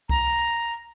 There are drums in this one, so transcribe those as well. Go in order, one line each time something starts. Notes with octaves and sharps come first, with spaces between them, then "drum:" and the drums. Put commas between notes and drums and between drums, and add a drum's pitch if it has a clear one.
A#5, drum: kick C2